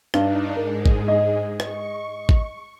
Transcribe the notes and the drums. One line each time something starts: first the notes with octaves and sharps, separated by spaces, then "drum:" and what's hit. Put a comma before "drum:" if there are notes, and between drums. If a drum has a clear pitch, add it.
G2 D4 D#4, drum: rim click
G#2 G#3 A#4
drum: kick G#1
D#5
C#6, drum: rim click
drum: kick G#1